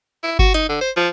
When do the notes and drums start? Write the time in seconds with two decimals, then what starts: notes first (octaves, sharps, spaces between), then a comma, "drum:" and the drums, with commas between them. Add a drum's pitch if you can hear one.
0.23 E4
0.39 F#4, drum: kick G1
0.54 D#4, drum: hi-hat
0.69 D3
0.81 C5
0.97 F3